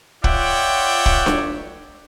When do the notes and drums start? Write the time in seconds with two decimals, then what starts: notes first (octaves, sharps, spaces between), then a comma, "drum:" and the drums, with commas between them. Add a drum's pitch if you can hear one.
0.24 F4 C#5 D5 E5 F#5 G5, drum: kick
1.06 drum: kick
1.26 drum: snare D4